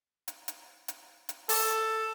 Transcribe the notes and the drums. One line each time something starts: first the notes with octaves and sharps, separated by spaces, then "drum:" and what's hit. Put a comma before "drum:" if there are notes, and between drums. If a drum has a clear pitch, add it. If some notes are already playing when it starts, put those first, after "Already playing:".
drum: hi-hat
drum: hi-hat
drum: hi-hat
drum: hi-hat
A4, drum: open hi-hat